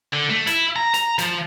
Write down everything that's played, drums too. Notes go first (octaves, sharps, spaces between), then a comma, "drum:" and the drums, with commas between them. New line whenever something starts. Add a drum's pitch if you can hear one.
D3
A3
E4, drum: hi-hat
A#5
A#5, drum: hi-hat
F3, drum: hi-hat